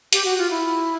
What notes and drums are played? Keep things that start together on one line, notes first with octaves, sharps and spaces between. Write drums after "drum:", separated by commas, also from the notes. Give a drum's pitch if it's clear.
G4, drum: hi-hat
F#4
F4
E4